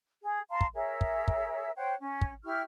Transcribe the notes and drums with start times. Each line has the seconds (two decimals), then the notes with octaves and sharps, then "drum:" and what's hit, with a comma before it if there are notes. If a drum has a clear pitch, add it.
0.23 G#4
0.51 F5 A5 A#5 C6
0.61 drum: kick
0.74 G#4 A#4 C#5 E5
1.01 drum: kick
1.28 drum: kick
1.76 C5 C#5 F#5 G5
1.99 C#4
2.22 drum: kick
2.44 E4 G4 C#6 F6